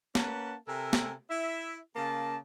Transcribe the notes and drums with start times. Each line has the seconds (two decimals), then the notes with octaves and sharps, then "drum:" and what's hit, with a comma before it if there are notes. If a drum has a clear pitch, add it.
0.15 A#3 C#4 B4 F#5 A5, drum: snare
0.68 C3 A4 A#4 E5 G#5
0.93 drum: snare
1.30 E4 E5
1.96 C#3 A#3 A5